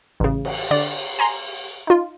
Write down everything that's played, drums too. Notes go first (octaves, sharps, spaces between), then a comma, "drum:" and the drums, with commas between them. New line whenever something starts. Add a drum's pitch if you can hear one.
A1 C#3
drum: cymbal
D3 D5
G#5 A#5 C6
D#4 F4